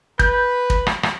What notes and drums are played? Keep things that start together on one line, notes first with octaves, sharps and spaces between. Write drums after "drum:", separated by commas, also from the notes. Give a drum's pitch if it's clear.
B4 G6, drum: kick
drum: kick
drum: rim click
drum: rim click